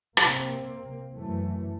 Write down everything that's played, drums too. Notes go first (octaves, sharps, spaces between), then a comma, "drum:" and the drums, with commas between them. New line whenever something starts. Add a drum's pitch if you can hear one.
C3 A#3 C4, drum: rim click
F#2 E3 A3